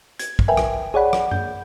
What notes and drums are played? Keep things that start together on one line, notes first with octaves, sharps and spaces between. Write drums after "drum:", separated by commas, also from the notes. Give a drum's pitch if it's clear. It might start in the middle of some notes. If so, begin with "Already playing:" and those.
G#6, drum: hi-hat
drum: kick
A#4 B4 E5 G5 G#5
drum: rim click
G#4 C#5 D5 F#5 B5
drum: rim click
G6, drum: tom F#2